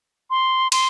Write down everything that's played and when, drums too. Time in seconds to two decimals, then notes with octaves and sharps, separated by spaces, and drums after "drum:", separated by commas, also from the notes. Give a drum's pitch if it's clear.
0.30 C6
0.72 C6, drum: cymbal